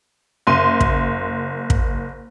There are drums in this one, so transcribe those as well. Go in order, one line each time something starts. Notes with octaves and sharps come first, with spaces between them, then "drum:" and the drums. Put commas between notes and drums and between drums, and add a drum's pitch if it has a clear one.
F#1 C6 D#7
drum: kick
drum: kick